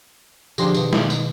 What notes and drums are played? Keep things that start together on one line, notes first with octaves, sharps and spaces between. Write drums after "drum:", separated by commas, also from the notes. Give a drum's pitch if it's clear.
D3 F3 D4 G4 G#4 C6, drum: tambourine
B2 D#3, drum: tambourine
drum: snare
drum: tambourine